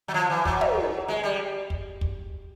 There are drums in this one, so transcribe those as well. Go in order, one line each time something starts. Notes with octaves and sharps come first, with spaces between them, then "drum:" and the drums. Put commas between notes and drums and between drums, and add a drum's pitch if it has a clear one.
F#3
F3
E3
F#3, drum: kick
drum: tom
G#3
G3
drum: kick
drum: kick